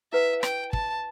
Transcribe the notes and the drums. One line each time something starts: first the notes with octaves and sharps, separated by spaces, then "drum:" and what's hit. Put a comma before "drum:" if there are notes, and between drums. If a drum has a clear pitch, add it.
E4 B4 E5 F#5
G5, drum: rim click
A5, drum: kick